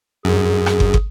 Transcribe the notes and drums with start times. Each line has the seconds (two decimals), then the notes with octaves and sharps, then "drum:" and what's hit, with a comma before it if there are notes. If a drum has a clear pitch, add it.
0.25 F#2 G#4
0.66 drum: rim click
0.80 drum: kick
0.94 drum: kick